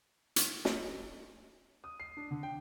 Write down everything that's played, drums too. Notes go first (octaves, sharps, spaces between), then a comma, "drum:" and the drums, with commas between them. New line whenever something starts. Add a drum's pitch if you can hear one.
drum: hi-hat
drum: snare
D#6
C7
D4
D3
G5